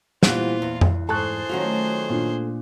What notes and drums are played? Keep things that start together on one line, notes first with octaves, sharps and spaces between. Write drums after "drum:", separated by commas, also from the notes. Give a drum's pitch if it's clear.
A#2 E3 G3 B3 C4 F4 F#6, drum: snare
E2
drum: tom F2
G#2 G#4 A4 C5 A5 C#6 F#6
D#3 F#3 A3 C#4 F4 F#4
A#2 D4